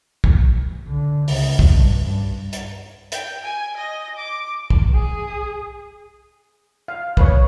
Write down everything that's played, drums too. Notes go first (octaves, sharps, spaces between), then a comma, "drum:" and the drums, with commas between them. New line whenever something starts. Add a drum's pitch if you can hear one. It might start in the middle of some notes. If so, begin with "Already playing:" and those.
drum: kick
D3
C#2, drum: open hi-hat
drum: kick
G2
G2
drum: hi-hat
G5, drum: hi-hat
G#5
D#5
D6
drum: kick
G#4 D#6
F5
B4 C#5, drum: kick